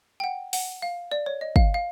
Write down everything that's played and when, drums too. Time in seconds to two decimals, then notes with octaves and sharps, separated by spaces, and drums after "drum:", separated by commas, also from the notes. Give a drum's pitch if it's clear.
0.20 G5
0.24 F#5
0.53 F#5, drum: open hi-hat
0.82 F5
1.12 D5
1.26 C#5
1.41 D#5
1.56 F5, drum: kick
1.74 F5